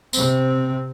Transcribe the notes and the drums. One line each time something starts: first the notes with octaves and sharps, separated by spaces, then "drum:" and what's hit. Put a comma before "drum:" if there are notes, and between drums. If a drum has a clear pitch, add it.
C3 C4, drum: tambourine